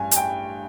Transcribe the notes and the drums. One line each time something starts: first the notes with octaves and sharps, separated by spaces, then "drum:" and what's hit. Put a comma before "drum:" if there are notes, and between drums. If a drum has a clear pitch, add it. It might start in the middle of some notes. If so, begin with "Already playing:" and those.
Already playing: A1 G2 G#5
G#5, drum: hi-hat
G5